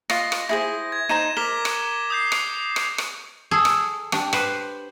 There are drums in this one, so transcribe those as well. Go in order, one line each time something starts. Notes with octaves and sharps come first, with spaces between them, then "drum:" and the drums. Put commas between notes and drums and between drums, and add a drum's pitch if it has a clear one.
F4 D#5 A#6, drum: rim click
drum: rim click
E4 G#4 C5 A#6
G#6
D#4 C5 A#5 D#7 E7
A#4 D6 B6 G7
drum: rim click
D#6 G6 C7
drum: rim click
drum: rim click
drum: rim click
G#4 A4
drum: rim click
D4 G4, drum: rim click
B4 C5, drum: rim click